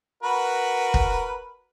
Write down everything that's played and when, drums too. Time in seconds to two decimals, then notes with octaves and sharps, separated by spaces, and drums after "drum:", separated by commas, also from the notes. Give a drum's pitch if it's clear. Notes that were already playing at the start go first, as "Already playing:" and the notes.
0.23 F#4 A#4 B4
0.94 drum: kick